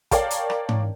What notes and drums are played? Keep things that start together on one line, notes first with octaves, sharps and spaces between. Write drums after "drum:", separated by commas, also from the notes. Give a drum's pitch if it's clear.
A#4 C#5 D5 F5 G5 A5, drum: kick, hi-hat
drum: hi-hat
drum: rim click
drum: tom G#2